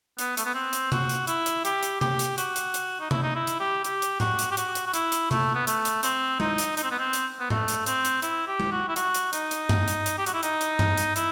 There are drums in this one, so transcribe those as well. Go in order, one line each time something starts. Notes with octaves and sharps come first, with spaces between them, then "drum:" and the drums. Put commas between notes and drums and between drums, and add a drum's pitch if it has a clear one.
B3, drum: hi-hat
A3, drum: hi-hat
B3
C4
drum: hi-hat
F#4, drum: tom C3
drum: hi-hat
E4, drum: hi-hat
drum: hi-hat
G4, drum: hi-hat
drum: hi-hat
G4, drum: tom C3
drum: hi-hat
F#4, drum: hi-hat
drum: hi-hat
drum: hi-hat
D#4
E4, drum: tom C3
D#4
E4
drum: hi-hat
G4
G4, drum: hi-hat
drum: hi-hat
F#4, drum: tom A2
drum: hi-hat
G4
F#4, drum: hi-hat
drum: hi-hat
F#4
E4, drum: hi-hat
drum: hi-hat
A3, drum: tom C3
B3
A3, drum: hi-hat
drum: hi-hat
C4, drum: hi-hat
D#4, drum: tom G#3
drum: hi-hat
D#4, drum: hi-hat
C4
B3
C4
drum: hi-hat
B3
A3, drum: tom A2
drum: hi-hat
C4, drum: hi-hat
drum: hi-hat
E4, drum: hi-hat
G4
drum: tom G#3
F#4
E4
F#4, drum: hi-hat
drum: hi-hat
D#4, drum: hi-hat
drum: hi-hat
drum: tom G2
drum: hi-hat
drum: hi-hat
G4
F#4, drum: hi-hat
E4
D#4, drum: hi-hat
drum: hi-hat
drum: tom G2
drum: hi-hat
E4, drum: hi-hat